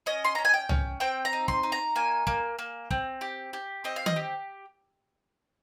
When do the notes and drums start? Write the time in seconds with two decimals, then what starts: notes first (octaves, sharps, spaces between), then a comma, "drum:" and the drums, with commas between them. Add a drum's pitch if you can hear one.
0.06 C#4 D#5
0.24 C6
0.35 C#4 A#5
0.45 G#5
0.54 G5
0.69 C#4, drum: tom C2
1.00 C4 G5
1.25 A#5
1.33 D#4
1.48 C6, drum: kick
1.63 D#4
1.72 A#5
1.96 A#3 G#5
2.27 A#3, drum: kick
2.59 A#3
2.91 C4, drum: kick
3.21 G4
3.53 G4
3.84 C4 D#5
3.96 F5
4.06 D#5, drum: tom
4.16 G4